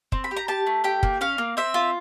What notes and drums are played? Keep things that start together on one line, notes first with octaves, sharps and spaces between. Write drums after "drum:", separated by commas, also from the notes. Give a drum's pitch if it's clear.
C4, drum: kick
B5
G4
A#5
G4 A5
A3
G4 G5
A#3, drum: kick
C#4 F5
A#3
C4 E5
F4